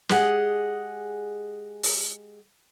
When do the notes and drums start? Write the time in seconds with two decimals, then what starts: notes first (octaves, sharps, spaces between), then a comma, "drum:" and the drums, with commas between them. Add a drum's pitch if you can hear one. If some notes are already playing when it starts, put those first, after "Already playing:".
0.09 G#3 G4 G#4 D#5 F#5, drum: snare
1.83 drum: open hi-hat